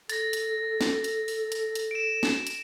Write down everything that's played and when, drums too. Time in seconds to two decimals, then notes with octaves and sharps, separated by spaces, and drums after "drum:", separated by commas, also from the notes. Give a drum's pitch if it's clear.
0.09 A4 A6 A#6, drum: hi-hat
0.33 drum: hi-hat
0.81 drum: snare
1.04 drum: hi-hat
1.28 drum: open hi-hat
1.52 drum: hi-hat
1.75 drum: hi-hat
1.91 D7 E7
2.23 drum: snare
2.47 drum: hi-hat